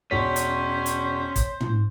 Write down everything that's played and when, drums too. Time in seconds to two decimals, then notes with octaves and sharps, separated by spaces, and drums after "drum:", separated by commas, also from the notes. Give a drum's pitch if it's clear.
0.11 E1 C#4 C5 C#5 B6
0.36 drum: hi-hat
0.86 drum: hi-hat
1.36 drum: kick, hi-hat
1.61 drum: tom